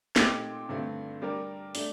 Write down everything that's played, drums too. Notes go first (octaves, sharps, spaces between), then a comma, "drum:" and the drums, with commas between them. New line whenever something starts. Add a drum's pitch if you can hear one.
A#2 A3 C4 D#4 G4, drum: snare
G2 D3 A3 C4
G3 D4 G4 A#4
A3 D4, drum: open hi-hat